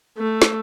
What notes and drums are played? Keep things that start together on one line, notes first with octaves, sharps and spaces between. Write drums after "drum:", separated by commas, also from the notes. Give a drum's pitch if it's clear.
A3
drum: snare